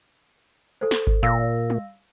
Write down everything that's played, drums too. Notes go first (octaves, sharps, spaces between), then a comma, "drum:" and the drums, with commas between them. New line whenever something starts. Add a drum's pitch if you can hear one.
A4 C5
drum: snare
drum: kick G1
A#2 F5 E6 A#6
drum: tom